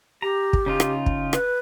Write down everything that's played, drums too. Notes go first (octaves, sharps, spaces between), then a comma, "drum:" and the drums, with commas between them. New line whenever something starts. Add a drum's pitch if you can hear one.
G4 A#5
drum: kick
C#3 D#4 F4
drum: rim click
drum: kick
B4, drum: rim click